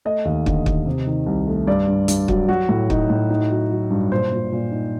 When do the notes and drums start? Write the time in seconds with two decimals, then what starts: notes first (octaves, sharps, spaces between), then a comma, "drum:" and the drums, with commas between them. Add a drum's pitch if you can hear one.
0.05 A3 D#5
0.25 D#2
0.46 D3, drum: kick
0.66 D#2, drum: kick
0.86 C3
1.07 D#3
1.27 C2
1.47 A3
1.67 G2 D5
1.87 G2
2.08 G2, drum: hi-hat
2.28 F#3, drum: kick
2.49 F#3 F#4
2.69 A2
2.90 D#4, drum: kick
3.10 A2
3.30 D#4
3.50 F#3
3.70 F#3
3.91 G2
4.11 A#2 C5
4.32 A#2
4.52 A#2
4.72 D#4